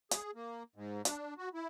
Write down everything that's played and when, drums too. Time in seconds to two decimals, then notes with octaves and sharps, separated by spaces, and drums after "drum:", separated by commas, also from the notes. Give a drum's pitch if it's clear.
0.11 G#4, drum: hi-hat
0.35 A#3
0.76 G#2
1.05 D4, drum: hi-hat
1.38 F#4
1.54 E4